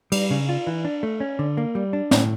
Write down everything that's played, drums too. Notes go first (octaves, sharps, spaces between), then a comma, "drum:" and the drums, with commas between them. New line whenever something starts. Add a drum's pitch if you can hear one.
G3, drum: cymbal
C#3
F4
E3
D4
A3
C#4
D3
A#3
G3
D4
A2, drum: snare